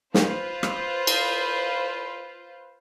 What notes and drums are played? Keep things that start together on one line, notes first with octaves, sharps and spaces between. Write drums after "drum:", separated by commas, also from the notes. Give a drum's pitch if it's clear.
F4 B4 C5, drum: snare
drum: rim click
drum: cymbal